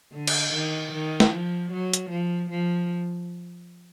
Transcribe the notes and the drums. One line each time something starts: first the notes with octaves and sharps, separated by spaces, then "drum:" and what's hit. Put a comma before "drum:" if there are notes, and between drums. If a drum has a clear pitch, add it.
D3
drum: cymbal
D#3
D#3
drum: snare
F3
F#3
drum: hi-hat
F3
F3